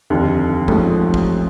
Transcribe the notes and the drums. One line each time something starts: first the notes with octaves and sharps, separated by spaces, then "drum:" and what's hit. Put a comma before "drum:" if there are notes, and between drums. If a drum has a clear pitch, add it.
F1 D#2 D3
A1 G#2 F3 A3, drum: kick
drum: kick